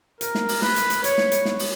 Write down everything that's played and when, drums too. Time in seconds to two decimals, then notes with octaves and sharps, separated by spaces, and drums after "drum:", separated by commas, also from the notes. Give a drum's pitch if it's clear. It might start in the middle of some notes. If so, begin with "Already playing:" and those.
0.21 A#4, drum: hi-hat
0.35 drum: snare
0.49 drum: open hi-hat
0.62 B4, drum: snare
0.76 drum: hi-hat
0.90 drum: hi-hat
1.04 C#5, drum: hi-hat
1.18 drum: snare
1.32 drum: hi-hat
1.45 drum: snare
1.59 drum: open hi-hat